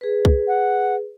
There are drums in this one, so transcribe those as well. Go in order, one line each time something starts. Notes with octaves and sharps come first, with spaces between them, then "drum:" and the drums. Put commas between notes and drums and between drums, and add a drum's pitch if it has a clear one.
G#4 B4
drum: kick C2
F#5